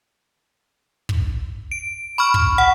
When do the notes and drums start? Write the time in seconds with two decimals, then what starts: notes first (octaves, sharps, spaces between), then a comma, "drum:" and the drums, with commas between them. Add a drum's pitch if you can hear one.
1.09 drum: kick
1.71 D7
2.18 B5 C#6 F6
2.34 drum: kick
2.58 F#5